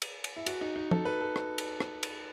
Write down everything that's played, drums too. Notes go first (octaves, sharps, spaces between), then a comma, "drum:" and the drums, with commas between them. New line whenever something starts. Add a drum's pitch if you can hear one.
drum: cymbal
drum: cymbal
E4
F#4, drum: cymbal
D#4
D#4
A4, drum: tom F3
B4
A4
drum: rim click
drum: cymbal
drum: rim click
drum: cymbal